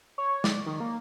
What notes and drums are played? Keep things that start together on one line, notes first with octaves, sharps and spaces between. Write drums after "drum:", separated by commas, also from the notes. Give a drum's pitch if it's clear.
C#5
D5, drum: snare
D#3
A#3